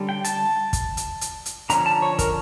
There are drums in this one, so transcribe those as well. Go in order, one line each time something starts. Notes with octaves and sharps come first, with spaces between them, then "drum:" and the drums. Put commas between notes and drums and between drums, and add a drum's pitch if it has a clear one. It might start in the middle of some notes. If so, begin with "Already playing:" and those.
Already playing: D3 G3 C#4
G5
A5, drum: hi-hat
drum: kick, hi-hat
drum: hi-hat
drum: hi-hat
drum: hi-hat
D3 F3 C#4 A#5, drum: hi-hat
A5
C#5
A#4, drum: kick, hi-hat